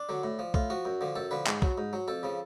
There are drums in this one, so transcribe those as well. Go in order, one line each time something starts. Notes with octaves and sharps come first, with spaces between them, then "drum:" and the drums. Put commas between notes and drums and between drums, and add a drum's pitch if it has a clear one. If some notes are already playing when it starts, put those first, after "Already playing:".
Already playing: D4
D3 F#3
A2
F3
A2 F4, drum: kick
F3 F#4
F#2
D3 F3
F#2 A4
D3 F3 B4
G#2, drum: clap
F#3, drum: kick
G#2
F#3
F2 A4
C#3 F3